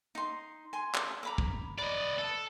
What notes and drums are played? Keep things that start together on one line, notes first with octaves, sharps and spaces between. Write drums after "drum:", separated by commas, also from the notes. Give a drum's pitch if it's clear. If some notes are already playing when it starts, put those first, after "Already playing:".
D#4 C6
G#5 C6
drum: clap
A#5 B5 D6
drum: kick
B4 D5 D#5
A4